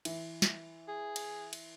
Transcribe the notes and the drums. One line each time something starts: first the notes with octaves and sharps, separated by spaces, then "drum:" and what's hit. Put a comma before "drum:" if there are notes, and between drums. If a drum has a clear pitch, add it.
E3, drum: cymbal
drum: snare
G#4
drum: cymbal
drum: cymbal